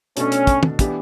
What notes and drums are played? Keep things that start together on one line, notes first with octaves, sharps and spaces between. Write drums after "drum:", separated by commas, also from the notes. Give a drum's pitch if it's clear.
B2 A3 C#4 D4 A4, drum: hi-hat
drum: hi-hat
drum: kick, hi-hat
drum: tom
E3 B3 D4 G4, drum: kick, hi-hat